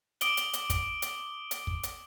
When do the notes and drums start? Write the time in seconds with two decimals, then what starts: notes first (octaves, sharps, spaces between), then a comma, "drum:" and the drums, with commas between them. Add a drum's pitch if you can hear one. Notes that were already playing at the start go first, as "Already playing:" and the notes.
0.21 D6 D#6 D7 F#7 G7, drum: hi-hat
0.37 drum: hi-hat
0.53 drum: hi-hat
0.70 drum: kick, hi-hat
1.02 drum: hi-hat
1.51 drum: hi-hat
1.67 drum: kick
1.83 drum: hi-hat